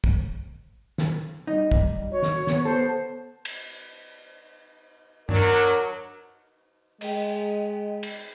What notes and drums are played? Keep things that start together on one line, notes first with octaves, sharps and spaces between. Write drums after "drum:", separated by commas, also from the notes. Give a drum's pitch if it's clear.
drum: kick
drum: snare
G3 D#4
drum: kick
F#4 C#5
drum: snare
B3, drum: snare
B3 A4 C5
drum: cymbal
F#3 D4 A#4, drum: tom G2
G#3 D#5 G5, drum: cymbal
drum: cymbal